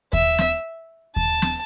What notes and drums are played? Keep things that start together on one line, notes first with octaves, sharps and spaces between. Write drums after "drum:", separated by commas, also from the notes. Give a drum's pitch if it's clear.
E5, drum: kick D#2
drum: snare
A5, drum: kick D#2
drum: snare